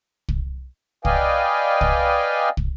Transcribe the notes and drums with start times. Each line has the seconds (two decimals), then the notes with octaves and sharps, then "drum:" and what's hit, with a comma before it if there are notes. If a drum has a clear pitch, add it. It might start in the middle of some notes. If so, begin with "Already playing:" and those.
0.28 drum: kick
1.05 B4 D5 D#5 F5 G5 G#5, drum: kick
1.81 drum: kick
2.57 drum: kick